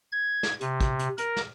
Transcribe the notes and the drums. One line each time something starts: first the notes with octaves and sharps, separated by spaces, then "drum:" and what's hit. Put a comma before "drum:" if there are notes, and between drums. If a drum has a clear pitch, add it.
G#6
drum: snare
C3, drum: hi-hat
drum: kick, hi-hat
drum: hi-hat
A#4, drum: hi-hat
drum: snare